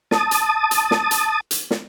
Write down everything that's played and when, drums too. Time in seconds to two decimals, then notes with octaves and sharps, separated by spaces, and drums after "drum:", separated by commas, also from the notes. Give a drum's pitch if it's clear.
0.11 A5 D#6, drum: snare
0.31 drum: hi-hat
0.71 drum: hi-hat
0.91 drum: snare
1.11 drum: hi-hat
1.51 drum: hi-hat
1.71 drum: snare